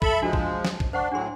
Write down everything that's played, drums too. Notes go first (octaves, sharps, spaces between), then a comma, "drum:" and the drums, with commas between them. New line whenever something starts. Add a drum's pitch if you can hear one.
A4 E5 B5, drum: kick
F3 G#3 D4 F#4 A5
drum: kick
drum: snare
drum: kick
D4 C5 F#5 C#6
A2 F#3 D4 G#4 C6